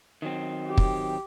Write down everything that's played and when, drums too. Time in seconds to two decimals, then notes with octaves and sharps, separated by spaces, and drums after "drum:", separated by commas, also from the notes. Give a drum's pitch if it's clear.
0.22 D#3 F#3 C4
0.67 G4
0.78 drum: kick